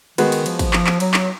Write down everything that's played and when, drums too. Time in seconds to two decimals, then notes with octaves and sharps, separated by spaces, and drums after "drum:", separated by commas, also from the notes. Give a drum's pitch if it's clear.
0.18 D#3 G#3 B3 F#4 B4, drum: cymbal
0.32 drum: cymbal
0.46 F3, drum: cymbal
0.59 drum: kick, cymbal
0.73 F3, drum: clap
0.87 drum: clap
1.00 F#3, drum: cymbal
1.14 drum: clap